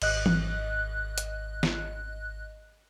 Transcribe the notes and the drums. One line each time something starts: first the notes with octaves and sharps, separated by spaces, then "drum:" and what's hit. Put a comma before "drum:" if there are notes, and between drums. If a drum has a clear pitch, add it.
G#1 D#5 F#6, drum: cymbal
drum: tom E3
drum: hi-hat
drum: snare